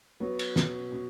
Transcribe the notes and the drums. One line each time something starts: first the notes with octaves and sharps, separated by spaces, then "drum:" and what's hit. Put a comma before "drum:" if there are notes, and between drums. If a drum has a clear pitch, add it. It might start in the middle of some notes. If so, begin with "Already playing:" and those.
F#3 B3
drum: cymbal
B2, drum: snare
B2